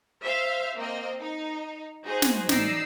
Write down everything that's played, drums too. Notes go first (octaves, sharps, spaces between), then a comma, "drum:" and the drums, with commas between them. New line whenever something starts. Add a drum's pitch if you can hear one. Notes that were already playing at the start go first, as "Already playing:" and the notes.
C5 E5 F5
A#3 C4 D#5
D#4
D#4 F#4 G#4 C5
drum: snare
A1 D#4 D5 E6 C7, drum: snare